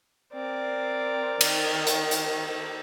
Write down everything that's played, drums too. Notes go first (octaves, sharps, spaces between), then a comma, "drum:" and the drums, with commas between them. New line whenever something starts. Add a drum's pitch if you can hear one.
C4 A#4 D5
D#3, drum: cymbal
drum: hi-hat
drum: hi-hat